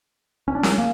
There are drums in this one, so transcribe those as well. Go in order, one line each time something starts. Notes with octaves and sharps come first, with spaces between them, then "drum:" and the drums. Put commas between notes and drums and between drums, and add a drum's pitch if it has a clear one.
C#4
D4
C#4, drum: snare C#4
A#3